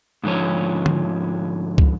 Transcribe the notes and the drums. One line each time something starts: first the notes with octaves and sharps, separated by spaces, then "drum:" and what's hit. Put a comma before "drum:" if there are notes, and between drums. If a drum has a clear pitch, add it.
G#2 D3 F3 C#5
drum: tom D3
drum: kick